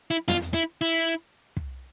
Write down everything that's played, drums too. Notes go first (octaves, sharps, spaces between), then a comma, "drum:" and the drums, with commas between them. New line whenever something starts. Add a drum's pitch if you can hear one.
E4
F4, drum: tom
drum: hi-hat
E4
E4
drum: kick